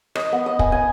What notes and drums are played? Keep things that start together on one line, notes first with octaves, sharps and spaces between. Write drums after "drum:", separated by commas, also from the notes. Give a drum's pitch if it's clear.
D#5, drum: rim click
B3
D#5
G#5, drum: kick
G#5